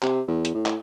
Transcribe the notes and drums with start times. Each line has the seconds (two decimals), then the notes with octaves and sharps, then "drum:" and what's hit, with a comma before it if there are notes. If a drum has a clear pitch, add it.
0.03 C3, drum: clap
0.28 E2
0.45 drum: hi-hat
0.55 A2
0.66 drum: clap